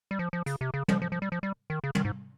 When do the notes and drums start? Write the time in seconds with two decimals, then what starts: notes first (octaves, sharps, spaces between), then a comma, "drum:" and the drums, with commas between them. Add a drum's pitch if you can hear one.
0.11 G3
0.19 F3
0.33 F3
0.46 C#3, drum: hi-hat
0.61 C3
0.74 C#3
0.88 F3, drum: tom
1.02 F3
1.12 F3
1.22 G3
1.32 F3
1.43 G3
1.70 D#3
1.84 C#3
1.95 D#3, drum: tom
2.05 G#2